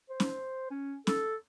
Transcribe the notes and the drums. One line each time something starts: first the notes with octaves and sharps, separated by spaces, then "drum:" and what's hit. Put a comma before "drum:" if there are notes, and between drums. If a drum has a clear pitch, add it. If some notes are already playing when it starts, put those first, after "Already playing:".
C5
drum: snare C#4
C#4
A4, drum: snare C#4